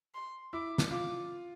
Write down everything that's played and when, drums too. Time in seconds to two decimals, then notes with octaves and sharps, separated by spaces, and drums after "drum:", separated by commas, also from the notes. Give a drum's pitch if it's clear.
0.15 C6
0.53 E4 D6
0.78 drum: snare
0.91 F4 D6